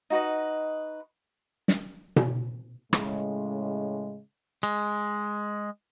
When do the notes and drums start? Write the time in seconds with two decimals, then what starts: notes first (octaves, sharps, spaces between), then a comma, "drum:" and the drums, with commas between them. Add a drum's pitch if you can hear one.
0.10 D#4 F#4 B4 D#5
1.68 drum: snare
2.16 drum: tom B2
2.93 A2 C#3 G#3, drum: rim click
4.63 G#3